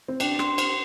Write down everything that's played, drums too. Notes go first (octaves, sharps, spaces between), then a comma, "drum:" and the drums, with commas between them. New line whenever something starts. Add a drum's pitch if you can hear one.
C4
D4 G5, drum: cymbal
C6, drum: rim click
C5, drum: cymbal